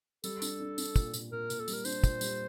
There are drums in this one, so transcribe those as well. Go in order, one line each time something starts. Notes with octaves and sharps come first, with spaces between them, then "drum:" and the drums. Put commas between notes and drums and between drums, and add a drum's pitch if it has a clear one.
G3 A4, drum: tambourine
D4, drum: tambourine
D4
D4, drum: tambourine
A#2, drum: kick, tambourine
A#2, drum: tambourine
A#2 A#4
A#2, drum: tambourine
A4
G3, drum: tambourine
A#4
D4 C5, drum: tambourine
A#2, drum: kick, tambourine
G3, drum: tambourine